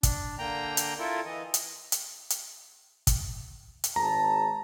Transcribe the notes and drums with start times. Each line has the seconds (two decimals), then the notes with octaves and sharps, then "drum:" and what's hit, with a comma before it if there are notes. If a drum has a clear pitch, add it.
0.03 D4, drum: kick, hi-hat
0.39 D3 A#3 G5 A#5
0.77 drum: hi-hat
0.99 E4 F4 A4 A#4
1.25 E3 D#5
1.54 drum: hi-hat
1.92 drum: hi-hat
2.30 drum: hi-hat
3.07 drum: kick, hi-hat
3.84 drum: hi-hat
3.96 G#1 G#4 A5 A#5